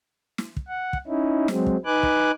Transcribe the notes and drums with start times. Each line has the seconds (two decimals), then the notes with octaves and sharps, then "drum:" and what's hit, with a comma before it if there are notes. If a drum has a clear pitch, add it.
0.38 drum: snare
0.57 drum: kick
0.68 F#5
0.93 drum: kick
1.07 C#4 D#4 E4
1.48 F#3 G#3 C4, drum: snare
1.66 drum: kick
1.86 D#4 B4 G#5 D6 F#6
2.03 drum: kick